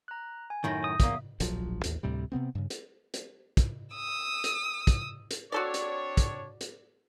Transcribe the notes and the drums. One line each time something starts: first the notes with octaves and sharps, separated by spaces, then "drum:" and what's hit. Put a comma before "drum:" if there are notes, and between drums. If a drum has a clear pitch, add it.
A#5 F#6
G#5
F#2 A2 D#3 G6 A#6
D#6
E2 A#3 E5, drum: kick, hi-hat
D1 A#1 F3 F#3, drum: hi-hat
A1 D#2, drum: hi-hat
D2 A2 C3 G3
C3 D#3 B3 C4
G2 C#3
drum: hi-hat
drum: hi-hat
drum: kick, hi-hat
D#6 E6
drum: hi-hat
drum: kick, hi-hat
drum: hi-hat
C4 D4 F#4 A4 C#5 D5
drum: hi-hat
drum: kick, hi-hat
drum: hi-hat